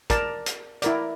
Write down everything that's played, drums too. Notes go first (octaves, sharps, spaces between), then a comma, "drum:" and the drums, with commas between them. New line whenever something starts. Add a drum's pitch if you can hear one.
A#4 D5 A5, drum: kick, hi-hat
drum: hi-hat
E4 A#4 D5, drum: hi-hat